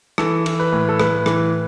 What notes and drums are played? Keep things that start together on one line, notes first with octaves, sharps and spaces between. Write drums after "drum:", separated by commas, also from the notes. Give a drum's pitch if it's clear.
E3 A4, drum: rim click
E3, drum: cymbal
B4
A2
A4
A2 B4, drum: rim click
E3, drum: rim click